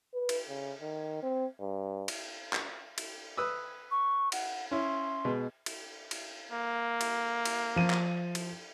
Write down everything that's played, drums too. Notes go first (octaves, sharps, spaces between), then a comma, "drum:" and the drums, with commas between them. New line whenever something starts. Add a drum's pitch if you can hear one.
B4
drum: cymbal
C#3
D#3
C4
G2
drum: cymbal
drum: clap
drum: cymbal
B4 D#6 E6
C#6
F#5, drum: cymbal
C#4 E4 C6
B2 G#3
drum: cymbal
drum: cymbal
A#3
drum: cymbal
drum: cymbal
F3 D#7
drum: clap
drum: cymbal